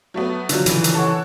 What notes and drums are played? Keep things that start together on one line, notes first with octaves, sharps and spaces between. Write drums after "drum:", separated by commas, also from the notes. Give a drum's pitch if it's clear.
F#3 A3 B3
D3 F3 F#3, drum: hi-hat
A#2 C#3 E3, drum: hi-hat
drum: hi-hat
A4 C#5 F#5